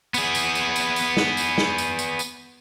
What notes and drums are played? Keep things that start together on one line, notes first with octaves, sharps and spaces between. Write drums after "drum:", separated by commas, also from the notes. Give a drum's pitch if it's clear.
B3 G#4, drum: tambourine
drum: tambourine
drum: tambourine
drum: tambourine
drum: tambourine
drum: snare
drum: tambourine
drum: snare
drum: tambourine
drum: tambourine
drum: tambourine